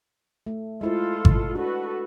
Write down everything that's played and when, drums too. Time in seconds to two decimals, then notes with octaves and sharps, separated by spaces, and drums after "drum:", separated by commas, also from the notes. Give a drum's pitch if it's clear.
0.47 A3
0.81 G#3 E4 F4 A4 C5
1.25 drum: kick G#1
1.55 D4 F#4 A4 B4